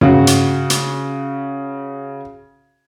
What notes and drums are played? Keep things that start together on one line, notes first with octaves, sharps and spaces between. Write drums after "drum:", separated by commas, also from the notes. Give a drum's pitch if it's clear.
C#3 F#4, drum: tom
drum: hi-hat
drum: hi-hat